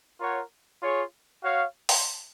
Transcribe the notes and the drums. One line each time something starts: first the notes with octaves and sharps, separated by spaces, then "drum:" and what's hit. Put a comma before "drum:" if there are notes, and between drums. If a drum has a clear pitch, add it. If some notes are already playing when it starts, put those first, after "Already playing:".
F4 A#4 C#5 F#5
F4 G#4 C#5
F#4 C#5 F5
drum: open hi-hat